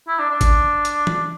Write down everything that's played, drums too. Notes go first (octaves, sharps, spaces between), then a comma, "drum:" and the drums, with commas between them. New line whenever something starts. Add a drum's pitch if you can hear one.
E4
D4
D4
drum: kick G#1, hi-hat
drum: hi-hat
drum: tom E3